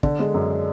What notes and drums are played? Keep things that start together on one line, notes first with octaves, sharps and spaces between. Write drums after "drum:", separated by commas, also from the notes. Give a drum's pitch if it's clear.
D3, drum: kick
G#3
F#2